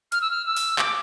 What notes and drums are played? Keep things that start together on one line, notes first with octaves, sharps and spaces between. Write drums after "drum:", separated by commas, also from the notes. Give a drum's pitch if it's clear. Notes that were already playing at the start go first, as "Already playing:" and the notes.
F6, drum: hi-hat
E6
F6
E6
drum: open hi-hat
D6, drum: clap